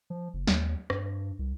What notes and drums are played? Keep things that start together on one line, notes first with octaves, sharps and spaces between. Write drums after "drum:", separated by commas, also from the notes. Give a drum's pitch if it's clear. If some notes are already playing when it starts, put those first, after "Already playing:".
F3
F#1
D#2, drum: snare
G2, drum: rim click
C2